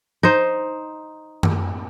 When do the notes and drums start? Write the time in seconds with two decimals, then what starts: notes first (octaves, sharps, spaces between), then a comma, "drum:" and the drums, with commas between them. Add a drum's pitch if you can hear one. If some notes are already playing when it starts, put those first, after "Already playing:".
0.23 D#4 C5
1.43 drum: tom F#2